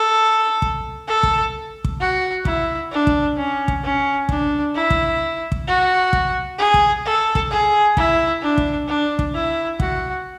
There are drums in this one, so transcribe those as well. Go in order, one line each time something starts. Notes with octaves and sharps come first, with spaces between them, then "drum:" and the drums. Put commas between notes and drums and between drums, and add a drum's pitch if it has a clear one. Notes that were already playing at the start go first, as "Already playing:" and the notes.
Already playing: A4
drum: kick
A4
drum: kick
drum: kick
F#4
E4, drum: kick
D4
drum: kick
C#4
drum: kick
C#4
D4, drum: kick
E4
drum: kick
drum: kick
F#4
drum: kick
G#4
drum: kick
A4
drum: kick
G#4
E4, drum: kick
D4
drum: kick
D4
drum: kick
E4
F#4, drum: kick